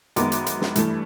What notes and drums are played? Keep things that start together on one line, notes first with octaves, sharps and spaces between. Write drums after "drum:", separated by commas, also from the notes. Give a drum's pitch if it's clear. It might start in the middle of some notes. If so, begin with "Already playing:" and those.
F#2 D#3 G#3 B3 D6, drum: hi-hat
drum: hi-hat
drum: hi-hat
drum: snare
G2 E3 A3, drum: hi-hat